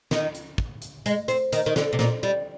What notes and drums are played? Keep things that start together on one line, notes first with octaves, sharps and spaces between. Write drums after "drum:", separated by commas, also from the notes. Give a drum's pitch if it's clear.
D#3, drum: snare
drum: hi-hat
drum: kick
drum: hi-hat
G#3, drum: hi-hat
C4, drum: hi-hat
D#3, drum: hi-hat
D#3
D3, drum: snare
C3
A#2, drum: snare
G3